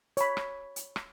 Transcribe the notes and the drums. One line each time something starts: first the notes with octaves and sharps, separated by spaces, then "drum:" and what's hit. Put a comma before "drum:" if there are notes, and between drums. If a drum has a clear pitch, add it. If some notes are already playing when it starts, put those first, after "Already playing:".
C#5 B5, drum: hi-hat
drum: rim click
drum: hi-hat
drum: rim click